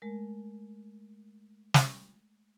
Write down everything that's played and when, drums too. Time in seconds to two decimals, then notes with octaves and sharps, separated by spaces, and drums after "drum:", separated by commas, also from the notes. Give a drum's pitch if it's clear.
0.02 G#3 A3 A#4
1.74 drum: snare